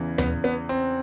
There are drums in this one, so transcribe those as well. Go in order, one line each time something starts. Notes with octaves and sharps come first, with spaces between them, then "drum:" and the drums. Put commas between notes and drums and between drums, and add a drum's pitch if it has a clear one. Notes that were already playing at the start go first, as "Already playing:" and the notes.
Already playing: E2 C#3 E3
B3, drum: tom D#2
B3
C4